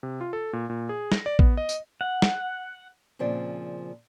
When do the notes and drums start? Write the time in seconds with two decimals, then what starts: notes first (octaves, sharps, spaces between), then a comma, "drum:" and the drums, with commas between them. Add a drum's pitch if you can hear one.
0.03 C3
0.21 F4
0.33 A4
0.53 A#2
0.70 A#2
0.89 G#4
1.12 A#6, drum: snare
1.26 D5
1.39 B3, drum: kick A1
1.57 D#5
1.69 drum: tambourine
2.01 F#5
2.22 drum: snare
3.19 A#2 C#3 F3 C4 D5